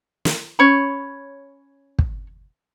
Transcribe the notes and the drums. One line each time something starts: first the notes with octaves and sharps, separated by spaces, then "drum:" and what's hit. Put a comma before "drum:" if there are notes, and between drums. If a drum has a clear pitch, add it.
drum: snare
C#4 C#5 B5
drum: kick